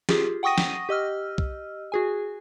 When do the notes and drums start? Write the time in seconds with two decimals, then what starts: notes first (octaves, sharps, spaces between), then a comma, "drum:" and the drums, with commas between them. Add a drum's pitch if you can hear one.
0.09 F4 G4 G#4, drum: snare
0.43 F#5 G5 C#6 D#6 A#6 D#7
0.58 drum: snare
0.89 G4 D#5 E6 F6
1.38 drum: kick
1.92 F#4 G#4 G#5